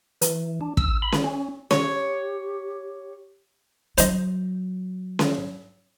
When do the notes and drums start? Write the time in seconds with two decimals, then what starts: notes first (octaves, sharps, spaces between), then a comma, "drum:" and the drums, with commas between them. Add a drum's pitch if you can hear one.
0.22 E3, drum: hi-hat
0.61 D4
0.77 E6, drum: kick
1.02 B5
1.12 drum: snare C#4
1.24 C#4
1.71 G4 C#5, drum: snare C#4
3.98 F#3 C5 D#5, drum: hi-hat
5.19 drum: snare C#4